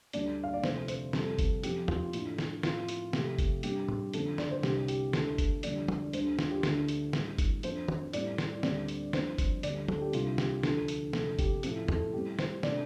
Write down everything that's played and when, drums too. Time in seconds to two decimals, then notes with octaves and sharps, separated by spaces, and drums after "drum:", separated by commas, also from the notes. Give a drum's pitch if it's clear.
0.13 D2 D3 G3 D4 D5, drum: hi-hat
0.43 F5
0.53 D5
0.64 F2 C3 A3 C5, drum: snare
0.88 C5, drum: hi-hat
1.13 F2 C3 G3 C4 A4, drum: snare
1.39 drum: kick G1, hi-hat
1.63 F2 F3 C4 G4, drum: hi-hat
1.88 F4, drum: tom
2.13 A2 F3 D4, drum: hi-hat
2.38 drum: snare
2.63 A2 F3 C4 F4, drum: snare
2.88 drum: hi-hat
3.13 C3 F3 A3 G4, drum: snare
3.38 drum: kick G1, hi-hat
3.63 G2 G3 C4 G4, drum: hi-hat
3.88 drum: tom
4.13 F2 D3 F3 C4 A4, drum: hi-hat
4.38 D5, drum: snare
4.51 C5
4.63 C2 C3 G3 D4 G4, drum: snare
4.88 G4, drum: hi-hat
5.13 D2 D3 A3 A4, drum: snare
5.38 drum: kick G1, hi-hat
5.63 F2 D3 G3 D5, drum: hi-hat
5.88 drum: tom
6.13 D2 D3 G3 D4 C5, drum: hi-hat
6.39 F4, drum: snare
6.51 G4
6.63 D2 D3 A3 D4, drum: snare
6.88 drum: hi-hat
7.13 A2 G3 C4, drum: snare
7.38 drum: kick G1, hi-hat
7.63 F2 F3 D4 C5, drum: hi-hat
7.88 drum: tom
8.13 A2 G3 C4 D5, drum: hi-hat
8.38 drum: snare
8.63 D2 D3 G3 C4 D5, drum: snare
8.88 drum: hi-hat
9.13 G2 F3 C4 C5, drum: snare
9.38 drum: kick G1, hi-hat
9.63 D2 D3 G3 D5, drum: hi-hat
9.88 A4, drum: tom
10.01 G4
10.13 C2 C3 G3 D4 F4, drum: hi-hat
10.38 G4, drum: snare
10.63 D2 D3 F3 A4, drum: snare
10.88 drum: hi-hat
11.13 F2 C3 A3 D4 A4, drum: snare
11.39 G4, drum: kick G1, hi-hat
11.63 A2 F3 A3 C4 A4, drum: hi-hat
11.88 A4, drum: tom
12.13 A2 G3 C4 G4
12.39 C5, drum: snare
12.63 C3 A3 D4 D5, drum: snare